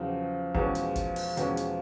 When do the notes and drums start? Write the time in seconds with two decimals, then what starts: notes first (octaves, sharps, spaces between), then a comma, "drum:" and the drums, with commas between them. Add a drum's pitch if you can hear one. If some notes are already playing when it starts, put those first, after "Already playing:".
Already playing: E2 C#3 F3 F#3
0.55 E2 B2 G#3 C#4, drum: kick G1
0.75 drum: hi-hat
0.96 drum: kick G1, hi-hat
1.16 drum: open hi-hat
1.37 E2 B2 G#3 C#4, drum: hi-hat
1.57 drum: hi-hat